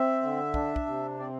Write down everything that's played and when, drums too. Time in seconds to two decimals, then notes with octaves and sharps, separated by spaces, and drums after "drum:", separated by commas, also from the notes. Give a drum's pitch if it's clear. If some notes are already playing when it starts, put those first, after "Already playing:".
Already playing: C4 E5
0.22 D3
0.54 D4, drum: kick
0.76 drum: kick
0.86 C3
1.19 C4 D5